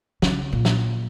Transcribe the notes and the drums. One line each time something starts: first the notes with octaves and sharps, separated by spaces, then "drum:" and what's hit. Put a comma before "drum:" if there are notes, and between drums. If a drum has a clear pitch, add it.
C#3, drum: snare
A#2
drum: snare